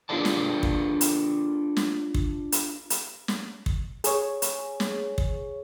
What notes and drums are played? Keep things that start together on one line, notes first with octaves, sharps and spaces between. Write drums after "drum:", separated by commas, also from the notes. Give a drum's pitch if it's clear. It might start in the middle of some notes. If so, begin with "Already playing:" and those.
D4 F4 G#4 A4 D5 A5
drum: snare
drum: kick
drum: hi-hat
drum: snare
drum: kick
drum: hi-hat
drum: hi-hat
drum: snare
drum: kick
G#4 C#5, drum: hi-hat
drum: hi-hat
drum: snare
drum: kick